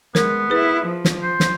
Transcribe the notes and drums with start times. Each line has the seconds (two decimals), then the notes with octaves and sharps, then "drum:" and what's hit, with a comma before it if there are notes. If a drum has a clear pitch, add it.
0.15 G#3 B3 A#4, drum: snare
0.50 E4 G#4 B4
0.85 F3
1.05 drum: snare
1.22 C5
1.40 drum: snare